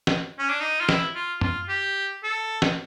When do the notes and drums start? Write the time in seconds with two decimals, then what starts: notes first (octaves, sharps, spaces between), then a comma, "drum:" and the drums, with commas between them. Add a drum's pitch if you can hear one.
0.07 drum: snare
0.38 C#4
0.49 D4
0.60 D#4
0.80 F4
0.89 E4, drum: snare
1.14 F4
1.41 F4, drum: tom
1.68 G4
2.23 A4
2.62 drum: snare